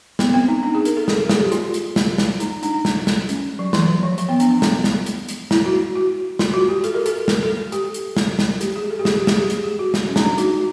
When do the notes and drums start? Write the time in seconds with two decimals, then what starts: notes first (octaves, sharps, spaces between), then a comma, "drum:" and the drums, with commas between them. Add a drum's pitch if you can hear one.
0.19 B3, drum: snare
0.34 C4
0.48 D#4
0.63 D4
0.75 G#4
0.85 A#4, drum: hi-hat
0.97 A4
1.08 G#4, drum: snare
1.19 A4
1.29 G#4, drum: snare
1.41 G4
1.52 F4, drum: hi-hat
1.74 drum: hi-hat
1.96 drum: snare
2.18 drum: snare
2.40 D#4, drum: hi-hat
2.63 D4, drum: hi-hat
2.74 D4
2.85 drum: snare
3.07 drum: snare
3.29 C#4, drum: hi-hat
3.59 F#3
3.73 E3, drum: snare
4.03 F3
4.18 F3, drum: hi-hat
4.29 B3
4.40 D4, drum: hi-hat
4.51 D4
4.62 drum: snare
4.84 drum: snare
5.06 drum: hi-hat
5.29 drum: hi-hat
5.51 E4, drum: snare
5.66 F#4
5.95 F#4
6.39 F4, drum: snare
6.54 F#4
6.69 G4
6.84 A4, drum: hi-hat
6.94 A#4
7.06 A4, drum: hi-hat
7.28 A4, drum: snare
7.43 A4
7.57 A4
7.72 G4, drum: hi-hat
7.94 drum: hi-hat
8.17 drum: snare
8.39 drum: snare
8.61 G4, drum: hi-hat
8.76 G#4
8.90 A4
8.99 G4
9.05 G#4, drum: snare
9.16 G4
9.27 G#4, drum: snare
9.38 G4
9.50 G#4, drum: hi-hat
9.64 G#4
9.79 F#4
9.94 drum: snare
10.09 C#4
10.16 D#4, drum: snare
10.23 D4
10.38 F#4, drum: hi-hat
10.53 F#4